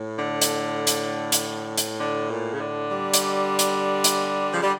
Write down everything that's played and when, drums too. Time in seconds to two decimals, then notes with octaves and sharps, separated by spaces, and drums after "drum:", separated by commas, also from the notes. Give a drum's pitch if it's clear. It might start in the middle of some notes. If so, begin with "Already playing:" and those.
Already playing: A2
0.19 D3
0.42 drum: hi-hat
0.87 drum: hi-hat
1.32 drum: hi-hat
1.78 drum: hi-hat
2.00 D3
2.31 A#2
2.54 C#3
2.61 D3
2.91 G3
3.14 drum: hi-hat
3.59 drum: hi-hat
4.04 drum: hi-hat
4.53 C#3 F3
4.63 D3 G3